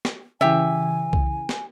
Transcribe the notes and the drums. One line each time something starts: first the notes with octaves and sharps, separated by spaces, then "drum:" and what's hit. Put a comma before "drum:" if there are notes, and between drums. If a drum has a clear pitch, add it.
drum: snare
C#3 E3 G4 E5 G#5
drum: kick C2
drum: snare